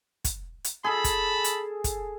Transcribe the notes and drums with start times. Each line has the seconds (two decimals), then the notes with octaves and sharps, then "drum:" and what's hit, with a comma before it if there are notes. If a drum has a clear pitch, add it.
0.25 drum: kick, hi-hat
0.64 drum: hi-hat
0.84 G#4 A4 A5 B5
1.04 drum: kick, hi-hat
1.44 drum: hi-hat
1.84 drum: kick, hi-hat